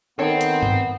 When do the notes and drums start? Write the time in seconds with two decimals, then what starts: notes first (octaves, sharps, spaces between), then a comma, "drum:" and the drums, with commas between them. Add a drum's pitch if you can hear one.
0.19 D#3 B3 C4 A4 C#5
0.41 drum: hi-hat
0.63 drum: tom G2